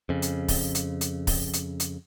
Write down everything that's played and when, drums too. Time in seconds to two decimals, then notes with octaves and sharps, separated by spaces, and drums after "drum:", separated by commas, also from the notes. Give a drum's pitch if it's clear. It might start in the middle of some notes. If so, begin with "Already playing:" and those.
0.09 F2 C#3
0.22 drum: hi-hat
0.48 drum: kick C#1, open hi-hat
0.75 drum: hi-hat
1.01 drum: hi-hat
1.27 drum: kick C#1, open hi-hat
1.53 drum: hi-hat
1.80 drum: hi-hat